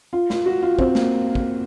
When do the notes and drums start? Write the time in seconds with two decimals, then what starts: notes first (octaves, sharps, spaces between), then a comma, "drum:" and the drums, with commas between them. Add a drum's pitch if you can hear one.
0.13 F4
0.30 F4, drum: snare
0.46 F#4
0.63 F4
0.79 C4, drum: kick
0.95 A#3, drum: snare
1.35 drum: kick